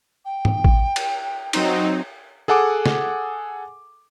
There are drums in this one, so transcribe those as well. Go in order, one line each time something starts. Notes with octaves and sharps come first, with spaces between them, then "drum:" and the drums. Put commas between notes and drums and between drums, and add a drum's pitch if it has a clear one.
G5
drum: tom G#2
drum: kick A1
drum: cymbal
F#3 C4 D#4, drum: cymbal
G#4 A4 F#5 G#5 D6
drum: snare